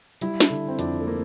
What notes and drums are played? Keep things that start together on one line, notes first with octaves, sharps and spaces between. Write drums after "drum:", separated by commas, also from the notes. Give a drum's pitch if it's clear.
G3 E4, drum: hi-hat
drum: snare
D3
C4
F2 D4, drum: hi-hat
A3
A#3 D4